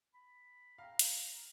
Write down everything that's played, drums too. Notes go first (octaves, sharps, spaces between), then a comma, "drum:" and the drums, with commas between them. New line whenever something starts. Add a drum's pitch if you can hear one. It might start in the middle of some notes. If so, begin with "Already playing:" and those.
B5
F5 G5 A#5
drum: hi-hat